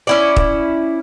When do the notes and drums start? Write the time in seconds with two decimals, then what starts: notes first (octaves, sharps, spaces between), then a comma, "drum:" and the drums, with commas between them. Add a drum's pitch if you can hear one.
0.07 C#4 E4 D5
0.37 drum: kick